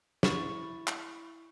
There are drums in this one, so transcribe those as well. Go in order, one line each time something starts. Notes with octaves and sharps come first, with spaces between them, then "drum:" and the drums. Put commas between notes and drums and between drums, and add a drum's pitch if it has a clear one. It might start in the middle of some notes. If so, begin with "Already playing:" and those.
E4 C#6 A6, drum: snare
drum: clap